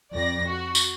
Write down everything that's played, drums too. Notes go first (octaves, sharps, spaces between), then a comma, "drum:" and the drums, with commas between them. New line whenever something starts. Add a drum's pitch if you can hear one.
F2 D5 A#6
F#4
drum: tambourine